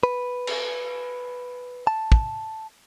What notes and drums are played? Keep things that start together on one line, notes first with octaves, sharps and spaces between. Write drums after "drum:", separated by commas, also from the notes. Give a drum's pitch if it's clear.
B4
drum: cymbal
A5
drum: kick